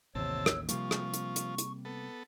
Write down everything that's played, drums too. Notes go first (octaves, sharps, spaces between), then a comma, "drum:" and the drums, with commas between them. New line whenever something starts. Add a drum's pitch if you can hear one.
A1 D#2 C3 C#5 A5 E6
drum: rim click
C3 F3 G3 A#3 C#6, drum: hi-hat
drum: rim click
drum: hi-hat
drum: hi-hat
drum: hi-hat
B3 A4